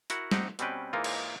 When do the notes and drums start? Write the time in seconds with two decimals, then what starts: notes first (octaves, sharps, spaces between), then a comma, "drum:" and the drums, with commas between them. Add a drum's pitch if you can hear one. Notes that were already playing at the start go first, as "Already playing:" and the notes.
0.10 E4 F#4 A#4 F#5, drum: hi-hat
0.31 C4 D#4 G4 F#5, drum: snare
0.59 B2 G3 C4 C#4 B4 G5, drum: hi-hat
0.93 G#2 E3 A#3 D#4 F4
1.04 drum: cymbal